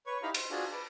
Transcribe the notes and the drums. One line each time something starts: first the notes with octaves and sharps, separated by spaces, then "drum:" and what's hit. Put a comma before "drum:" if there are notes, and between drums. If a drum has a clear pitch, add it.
B4 C#5 C#6
D#4 E4 G4 F5 A#5 B5
C6, drum: cymbal
D4 F4 F#4 G#4
B4 A5 D6